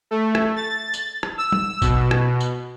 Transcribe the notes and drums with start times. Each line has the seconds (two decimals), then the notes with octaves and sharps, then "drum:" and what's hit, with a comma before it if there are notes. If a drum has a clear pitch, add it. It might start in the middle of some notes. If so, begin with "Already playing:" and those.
0.11 A3
0.35 drum: rim click
0.56 A6
0.94 drum: tambourine
1.23 drum: rim click
1.38 E6
1.52 drum: tom
1.82 B2, drum: kick, tambourine
2.11 drum: rim click
2.41 drum: tambourine